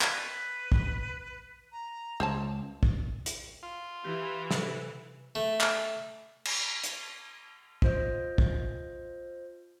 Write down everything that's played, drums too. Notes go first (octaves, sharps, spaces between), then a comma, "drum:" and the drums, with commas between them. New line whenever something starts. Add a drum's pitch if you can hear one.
B4, drum: clap
drum: kick
A#5
C#2 C5 C#5 A5
drum: kick
drum: hi-hat
F4
E3 G4
C3 A4, drum: snare
A3
drum: clap
drum: cymbal
drum: hi-hat
F4 C5 D#5, drum: kick
drum: kick